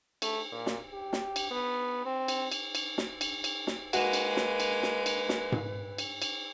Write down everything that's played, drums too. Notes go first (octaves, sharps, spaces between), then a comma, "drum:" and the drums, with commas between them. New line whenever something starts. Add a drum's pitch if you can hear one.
A3, drum: cymbal
A#2
drum: snare
G4
drum: snare
drum: cymbal
B3
C4
drum: cymbal
drum: cymbal
drum: cymbal
drum: snare
drum: cymbal
drum: cymbal
drum: snare
G#3 A#3 F#4 B4, drum: cymbal
drum: cymbal
drum: snare
drum: cymbal
drum: snare
drum: cymbal
drum: snare
drum: tom G#2
drum: cymbal
drum: cymbal